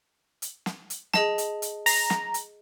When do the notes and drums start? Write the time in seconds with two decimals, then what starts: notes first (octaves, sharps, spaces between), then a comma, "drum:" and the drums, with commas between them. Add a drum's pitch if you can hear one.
0.42 drum: hi-hat
0.66 drum: snare
0.90 drum: hi-hat
1.14 G#4 D#5 A5, drum: snare
1.38 drum: hi-hat
1.62 drum: hi-hat
1.86 A#5, drum: open hi-hat
2.10 drum: snare
2.34 drum: hi-hat